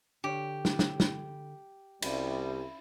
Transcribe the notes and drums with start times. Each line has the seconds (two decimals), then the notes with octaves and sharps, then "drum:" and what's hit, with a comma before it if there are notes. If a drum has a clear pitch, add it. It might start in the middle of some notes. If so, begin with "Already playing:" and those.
0.24 D3 D4 G4 C#5
0.65 drum: snare
0.79 drum: snare
1.00 drum: snare
2.02 C2 G3 C#4 E4 F#4, drum: cymbal